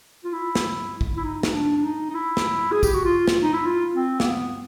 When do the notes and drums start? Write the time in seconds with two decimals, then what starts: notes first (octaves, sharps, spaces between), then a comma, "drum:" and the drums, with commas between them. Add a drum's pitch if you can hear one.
0.24 F4
0.33 E4
0.55 drum: snare
1.01 drum: kick
1.17 E4
1.24 D#4
1.43 D#4, drum: snare
1.54 D4
1.77 D4
1.84 D#4
2.10 D#4
2.14 E4
2.37 drum: snare
2.72 G#4
2.83 G4, drum: kick, tambourine
2.94 F#4
3.05 F4
3.28 drum: snare
3.42 D#4
3.53 E4
3.65 F4
3.95 C4
4.20 A#3, drum: snare
4.26 B3